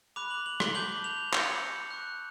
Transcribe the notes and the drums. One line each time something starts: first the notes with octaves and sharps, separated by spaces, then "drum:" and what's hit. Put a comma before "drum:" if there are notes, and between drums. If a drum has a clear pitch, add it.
B5 D6 F#6 F7
F#7
F#7
G7, drum: rim click
A5 D6 G6 F#7
F7
C#6 E6 G6 C#7, drum: clap
C#6 F#6